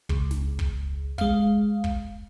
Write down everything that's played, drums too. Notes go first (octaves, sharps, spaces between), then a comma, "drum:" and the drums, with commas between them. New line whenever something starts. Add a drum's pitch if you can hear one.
C#2, drum: kick
drum: snare
drum: kick
G#3 F5, drum: kick
drum: kick